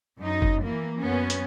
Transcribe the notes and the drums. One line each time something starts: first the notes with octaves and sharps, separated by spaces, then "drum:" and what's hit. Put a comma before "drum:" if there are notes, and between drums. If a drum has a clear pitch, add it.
F#2 D#4
drum: kick F#1
E3 A#3
F#2 B3 C#4
drum: hi-hat